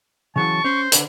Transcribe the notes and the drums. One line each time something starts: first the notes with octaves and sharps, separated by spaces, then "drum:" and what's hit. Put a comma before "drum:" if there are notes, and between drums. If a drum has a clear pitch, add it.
C#3 E3 F#3 A5 C#6
C#4 C5
D3 B4 C#5, drum: hi-hat